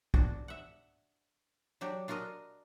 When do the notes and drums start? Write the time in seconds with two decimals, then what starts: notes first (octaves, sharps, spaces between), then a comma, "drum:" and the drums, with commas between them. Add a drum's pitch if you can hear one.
0.14 D4 F#4, drum: kick
0.48 E5 F#5
1.81 F#3 D4 G4
2.08 D4 F4 F#4 A#4 D#5